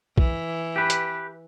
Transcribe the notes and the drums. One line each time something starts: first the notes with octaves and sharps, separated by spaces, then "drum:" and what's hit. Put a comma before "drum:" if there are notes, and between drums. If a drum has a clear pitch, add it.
E3, drum: kick B1
G4 B4
drum: hi-hat